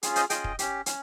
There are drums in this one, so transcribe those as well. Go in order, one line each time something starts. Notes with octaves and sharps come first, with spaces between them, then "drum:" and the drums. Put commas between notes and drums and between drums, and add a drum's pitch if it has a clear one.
C#4 F4 G#4, drum: hi-hat
C5 D#5, drum: hi-hat
C#4 F4 G#4 D#5 G5, drum: hi-hat
drum: kick
C#4 G4, drum: hi-hat
C#4, drum: hi-hat